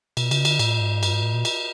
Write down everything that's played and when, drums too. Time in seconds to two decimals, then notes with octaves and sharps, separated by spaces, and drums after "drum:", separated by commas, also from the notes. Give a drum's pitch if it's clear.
0.17 B2, drum: cymbal
0.31 C#3, drum: cymbal
0.45 D3, drum: cymbal
0.59 A2, drum: cymbal
0.81 G#2
1.03 G2, drum: cymbal
1.13 G#2
1.23 A2
1.34 A#2
1.45 drum: cymbal